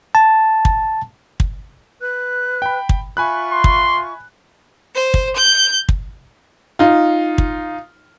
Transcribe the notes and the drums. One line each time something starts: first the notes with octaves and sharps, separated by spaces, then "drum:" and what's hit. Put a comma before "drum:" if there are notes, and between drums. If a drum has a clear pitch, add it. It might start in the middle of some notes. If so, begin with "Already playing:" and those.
A5
drum: kick
drum: kick
B4 F#6
G5 B5
drum: kick
F4 E5 G#5 B5 C#6 F#6
C6
drum: kick
C5
drum: kick
G6
drum: kick
D#4 F4
drum: kick